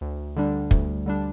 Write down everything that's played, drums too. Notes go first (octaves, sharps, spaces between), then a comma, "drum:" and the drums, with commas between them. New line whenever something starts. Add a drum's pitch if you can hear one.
D2
D3 G3 D4
D2, drum: kick
D3 G3 D4